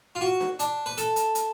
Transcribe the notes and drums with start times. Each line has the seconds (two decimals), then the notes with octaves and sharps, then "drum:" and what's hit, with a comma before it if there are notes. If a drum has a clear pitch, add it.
0.15 F4
0.21 F#4
0.41 drum: snare D4
0.59 D4, drum: hi-hat
0.86 B4
0.97 A4, drum: hi-hat
1.16 drum: hi-hat
1.35 drum: hi-hat